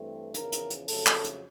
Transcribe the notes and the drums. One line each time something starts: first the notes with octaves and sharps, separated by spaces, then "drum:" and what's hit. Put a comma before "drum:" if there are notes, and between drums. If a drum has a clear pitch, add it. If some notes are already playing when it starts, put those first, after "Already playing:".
Already playing: G2 E3 A3 C4
E2 C#3 F3 A#4, drum: hi-hat
drum: hi-hat
drum: hi-hat
F2 C#3 F#3 A3 A4, drum: open hi-hat
drum: clap
drum: hi-hat